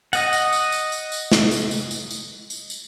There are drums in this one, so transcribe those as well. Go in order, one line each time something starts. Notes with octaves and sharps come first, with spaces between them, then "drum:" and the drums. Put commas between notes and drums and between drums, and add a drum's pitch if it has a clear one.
D#5 F#5, drum: tambourine
drum: tambourine
drum: tambourine
drum: tambourine
drum: tambourine
drum: tambourine
drum: snare
drum: tambourine
drum: tambourine
drum: tambourine
drum: tambourine
drum: tambourine
drum: tambourine